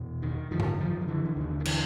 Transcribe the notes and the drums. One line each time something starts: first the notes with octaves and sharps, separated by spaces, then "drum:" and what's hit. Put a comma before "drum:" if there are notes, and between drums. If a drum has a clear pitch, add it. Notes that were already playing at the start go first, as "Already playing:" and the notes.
Already playing: E2 B2
D#3
F#2 D3 D#3 F3
drum: tom G#2
D#3 F3
F3
D3 E3
D3
D#2 D3 D#3
D#3
D3 E3, drum: cymbal